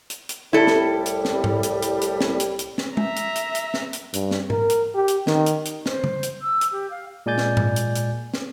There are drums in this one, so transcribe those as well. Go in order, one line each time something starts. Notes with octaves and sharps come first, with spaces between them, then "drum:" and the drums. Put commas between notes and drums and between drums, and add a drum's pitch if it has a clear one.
drum: hi-hat
drum: hi-hat
C2 A2 G3 E4 A4
drum: snare
drum: hi-hat
drum: snare
drum: tom G#2
drum: hi-hat
drum: hi-hat
drum: hi-hat
drum: snare
drum: hi-hat
drum: hi-hat
drum: snare
E5 A#5, drum: tom
drum: hi-hat
drum: hi-hat
drum: hi-hat
drum: snare
drum: hi-hat
G2, drum: hi-hat
drum: snare
A#4, drum: tom G#2
drum: hi-hat
G4
drum: hi-hat
D#3, drum: snare
drum: hi-hat
drum: hi-hat
C5, drum: snare
drum: tom C#3
drum: hi-hat
E6
drum: hi-hat
G4
F5
A#2 G#3 D5 G#5 G6 A6
drum: snare
drum: tom G#2
drum: hi-hat
drum: hi-hat
drum: snare